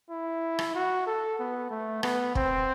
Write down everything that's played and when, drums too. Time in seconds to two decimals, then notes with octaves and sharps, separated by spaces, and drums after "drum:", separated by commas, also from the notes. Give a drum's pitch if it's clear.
0.10 E4
0.59 drum: rim click
0.75 F#4
1.07 A4
1.39 B3
1.70 A3
2.03 B3, drum: rim click
2.35 C4, drum: kick